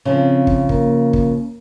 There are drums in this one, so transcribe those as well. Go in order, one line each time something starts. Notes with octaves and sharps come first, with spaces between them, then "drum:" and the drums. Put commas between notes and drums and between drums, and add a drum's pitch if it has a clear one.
C#3 F3 C4
drum: kick
A#3 A#4, drum: kick
drum: kick